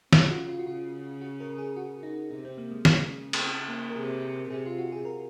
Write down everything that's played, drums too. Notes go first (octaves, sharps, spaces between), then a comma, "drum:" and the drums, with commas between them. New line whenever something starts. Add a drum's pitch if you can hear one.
C#3 G#4, drum: snare
F4
F#4
F4
F#4
C#3 F4
F#4
A#4
G#4
F#4
D#4
C3 D#4
C4
A#3
G#3
C#3 G#3, drum: snare
A#3, drum: cymbal
C4
A#3
A#4
C3 G#4
C3 G#4
F4
F#4
G#4
A#4